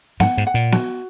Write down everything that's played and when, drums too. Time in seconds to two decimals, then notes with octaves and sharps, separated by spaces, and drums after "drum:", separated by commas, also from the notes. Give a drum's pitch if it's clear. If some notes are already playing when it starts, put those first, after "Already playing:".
0.20 G#2 F#5, drum: snare B3
0.38 G#2
0.47 F#5
0.54 A#2
0.72 F#4, drum: snare B3